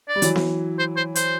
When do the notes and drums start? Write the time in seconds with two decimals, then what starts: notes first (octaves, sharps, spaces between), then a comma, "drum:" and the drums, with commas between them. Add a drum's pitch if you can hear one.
0.09 D5
0.15 G3
0.22 E3 F#3, drum: hi-hat
0.36 drum: snare B3
0.78 C5
0.97 C5
1.15 C5, drum: hi-hat